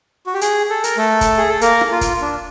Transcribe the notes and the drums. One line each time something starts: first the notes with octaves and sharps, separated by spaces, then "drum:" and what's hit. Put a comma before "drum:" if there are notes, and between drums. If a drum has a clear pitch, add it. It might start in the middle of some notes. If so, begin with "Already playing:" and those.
F#4
G4
G#4, drum: hi-hat
A4
A#4, drum: hi-hat
A3 A4
drum: kick, hi-hat
G#4
A4
A#3 A#4, drum: hi-hat
drum: rim click
F4
drum: kick, hi-hat
D4